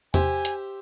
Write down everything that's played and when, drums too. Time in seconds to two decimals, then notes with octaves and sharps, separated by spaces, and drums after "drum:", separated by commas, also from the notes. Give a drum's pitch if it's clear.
0.14 G4 C5 E5 G#5, drum: tom E2
0.45 drum: hi-hat